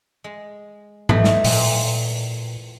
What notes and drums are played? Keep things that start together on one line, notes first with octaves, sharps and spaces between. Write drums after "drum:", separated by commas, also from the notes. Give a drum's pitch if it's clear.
G#3
E3 A3 D#4, drum: tom G#2
drum: snare
A#2, drum: open hi-hat